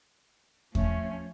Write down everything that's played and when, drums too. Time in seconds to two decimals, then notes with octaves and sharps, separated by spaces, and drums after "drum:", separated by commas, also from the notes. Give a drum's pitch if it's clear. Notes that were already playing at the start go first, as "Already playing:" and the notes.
0.75 F3 A3 C#4, drum: kick E2